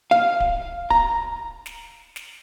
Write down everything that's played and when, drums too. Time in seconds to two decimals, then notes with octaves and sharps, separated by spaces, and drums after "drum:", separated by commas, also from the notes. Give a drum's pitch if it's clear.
0.11 F5
0.40 drum: kick D1
0.90 A#5, drum: kick D1
1.66 drum: snare
2.16 drum: snare